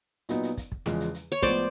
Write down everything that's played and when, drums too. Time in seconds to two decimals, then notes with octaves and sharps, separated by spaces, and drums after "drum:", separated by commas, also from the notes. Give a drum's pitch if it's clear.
0.29 A#2 F#3 B3 D#4, drum: hi-hat
0.43 drum: hi-hat
0.57 drum: kick, hi-hat
0.72 drum: kick
0.86 E2 C#3 F3 G#3, drum: snare
1.00 drum: hi-hat
1.14 drum: hi-hat
1.32 C#5
1.42 A2 F3 G#3 B3 C5 D5, drum: kick, hi-hat